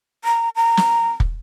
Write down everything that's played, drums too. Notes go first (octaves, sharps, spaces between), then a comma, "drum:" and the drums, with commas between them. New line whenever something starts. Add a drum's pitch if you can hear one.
A#5
A#5
drum: snare
drum: kick